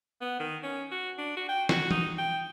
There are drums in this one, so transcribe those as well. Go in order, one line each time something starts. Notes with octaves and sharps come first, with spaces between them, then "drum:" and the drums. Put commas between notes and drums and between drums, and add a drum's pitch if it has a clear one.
B3
D#3
C#4
F#4
D4
F#4
G5
F#4, drum: snare
D#4, drum: tom E3
G5